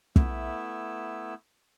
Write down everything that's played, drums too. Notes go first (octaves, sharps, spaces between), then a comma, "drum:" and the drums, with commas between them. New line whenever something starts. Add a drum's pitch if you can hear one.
A3 B3 E4 E6, drum: kick